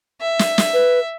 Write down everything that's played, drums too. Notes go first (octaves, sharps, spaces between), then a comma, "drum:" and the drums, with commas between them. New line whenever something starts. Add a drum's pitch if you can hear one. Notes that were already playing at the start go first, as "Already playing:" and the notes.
E5
drum: snare
drum: snare
B4